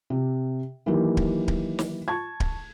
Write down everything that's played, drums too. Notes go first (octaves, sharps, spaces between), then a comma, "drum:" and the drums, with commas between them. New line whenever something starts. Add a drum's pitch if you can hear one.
C3
D#3 E3 F#3 A#3 G4
drum: kick D1
drum: kick D1
drum: snare
A5 C#6 G#6
drum: kick D1